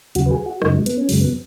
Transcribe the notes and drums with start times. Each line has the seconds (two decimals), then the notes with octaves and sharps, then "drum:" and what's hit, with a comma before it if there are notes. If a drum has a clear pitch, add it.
0.15 D#2 C#3 F#3 F#4, drum: hi-hat
0.26 B4
0.31 G#4
0.46 F#4
0.62 F#2 C#3 F#3 D#4, drum: rim click
0.74 G#3
0.86 B3, drum: hi-hat
0.98 C#4
1.09 F#2 C#3 F#3 G#3, drum: open hi-hat
1.21 B3